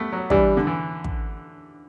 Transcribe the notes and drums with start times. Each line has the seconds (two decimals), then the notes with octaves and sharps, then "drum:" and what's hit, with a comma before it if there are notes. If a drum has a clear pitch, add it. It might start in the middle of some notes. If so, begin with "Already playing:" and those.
Already playing: G3 A3 B3
0.13 F#3
0.30 E3 G3 D4 G4, drum: kick
0.57 D3
0.67 E3
1.04 drum: kick